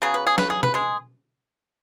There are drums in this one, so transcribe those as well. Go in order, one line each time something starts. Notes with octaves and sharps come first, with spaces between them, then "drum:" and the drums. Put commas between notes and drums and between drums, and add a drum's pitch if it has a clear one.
C#3 F#3 B3 G#4
B4
G#4
B4, drum: snare
G#4
B4, drum: tom B2
G#3 G#4